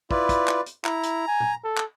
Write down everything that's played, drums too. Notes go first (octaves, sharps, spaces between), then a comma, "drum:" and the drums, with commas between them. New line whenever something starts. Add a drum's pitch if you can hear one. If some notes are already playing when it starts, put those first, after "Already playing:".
E4 F4 B4 D5, drum: kick
drum: kick, hi-hat
drum: clap
drum: hi-hat
E4 A#5, drum: clap
drum: hi-hat
G#5
drum: tom A#2
A4
drum: clap